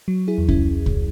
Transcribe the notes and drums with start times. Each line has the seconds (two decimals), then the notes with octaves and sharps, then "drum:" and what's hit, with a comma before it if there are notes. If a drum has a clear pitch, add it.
0.08 F#3
0.28 E4 G#4
0.38 E2
0.48 C#4 E4, drum: kick C2
0.86 drum: kick C2